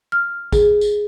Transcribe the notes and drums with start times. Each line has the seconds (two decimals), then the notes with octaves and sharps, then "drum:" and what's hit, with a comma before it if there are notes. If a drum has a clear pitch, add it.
0.12 F6
0.53 G#4, drum: kick, tambourine
0.81 drum: tambourine